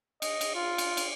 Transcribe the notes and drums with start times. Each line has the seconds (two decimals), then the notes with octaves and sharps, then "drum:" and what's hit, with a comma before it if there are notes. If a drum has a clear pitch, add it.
0.22 D#5, drum: cymbal
0.41 drum: cymbal
0.55 F4
0.78 drum: cymbal
0.97 drum: cymbal